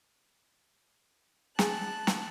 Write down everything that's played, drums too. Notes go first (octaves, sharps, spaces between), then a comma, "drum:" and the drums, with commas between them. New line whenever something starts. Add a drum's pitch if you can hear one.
G#4 A5 F#6, drum: snare
drum: snare